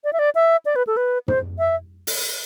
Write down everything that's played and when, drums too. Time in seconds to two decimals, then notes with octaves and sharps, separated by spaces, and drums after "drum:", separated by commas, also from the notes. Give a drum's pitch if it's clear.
0.04 D5
0.13 E5
0.19 D5
0.35 E5
0.65 D5
0.76 B4
0.87 A4
0.97 B4
1.28 C5, drum: tom
1.59 E5
2.07 drum: open hi-hat